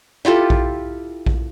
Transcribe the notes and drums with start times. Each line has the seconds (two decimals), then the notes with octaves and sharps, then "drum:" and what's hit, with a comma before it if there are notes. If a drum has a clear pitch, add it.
0.25 E4 F4 G4 A4
0.50 drum: kick A#1
1.26 drum: kick A#1